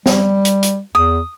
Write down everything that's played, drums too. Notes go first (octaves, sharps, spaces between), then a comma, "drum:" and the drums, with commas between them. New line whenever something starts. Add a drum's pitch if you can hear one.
G3, drum: snare C4
drum: hi-hat
drum: hi-hat
E2 D#6